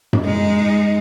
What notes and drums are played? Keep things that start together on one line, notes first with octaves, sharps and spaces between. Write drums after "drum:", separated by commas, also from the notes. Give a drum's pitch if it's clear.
drum: tom F#2
G#3 D#4